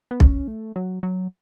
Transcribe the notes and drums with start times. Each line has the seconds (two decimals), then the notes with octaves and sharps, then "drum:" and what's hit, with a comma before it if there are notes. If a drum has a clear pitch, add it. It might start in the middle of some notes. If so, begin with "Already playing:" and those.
0.11 B3
0.20 C#4, drum: kick B1
0.48 A3
0.76 F#3
1.03 F#3